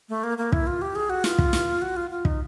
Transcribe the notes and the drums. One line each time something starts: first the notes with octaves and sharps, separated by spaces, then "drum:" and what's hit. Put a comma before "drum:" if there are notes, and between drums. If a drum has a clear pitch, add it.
A3
A#3
A#3
E4, drum: kick
F4
G4
G#4
F#4
F4, drum: snare
drum: kick
drum: snare
F#4
F4
F4
D#4, drum: kick